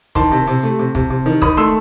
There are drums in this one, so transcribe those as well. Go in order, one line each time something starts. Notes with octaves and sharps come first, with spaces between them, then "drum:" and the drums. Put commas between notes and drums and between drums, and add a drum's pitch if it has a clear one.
D#3 A5 C6, drum: kick
C3
C3
A3
C3
C3, drum: kick
C3
D#3
D#3 B5 D#6, drum: kick
A3 C6 E6